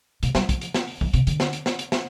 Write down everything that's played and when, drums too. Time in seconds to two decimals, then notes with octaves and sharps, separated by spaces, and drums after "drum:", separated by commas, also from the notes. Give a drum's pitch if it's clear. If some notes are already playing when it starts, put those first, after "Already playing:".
0.23 B2, drum: hi-hat
0.35 G3, drum: snare
0.49 F3, drum: kick, hi-hat
0.61 drum: hi-hat
0.74 drum: snare
0.88 drum: open hi-hat
1.01 E3, drum: kick
1.13 C3, drum: hi-hat
1.27 D3, drum: hi-hat
1.40 drum: snare
1.53 drum: hi-hat
1.66 drum: snare
1.79 drum: hi-hat
1.92 drum: snare